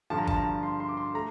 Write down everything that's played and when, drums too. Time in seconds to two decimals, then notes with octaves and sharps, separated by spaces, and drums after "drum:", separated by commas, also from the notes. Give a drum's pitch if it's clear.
0.10 G2 D3 F3 A5
0.18 A#5
0.27 A5, drum: kick
0.36 A#5
0.63 C6
0.80 C6
0.89 D6
0.97 C6
1.14 A3 A#5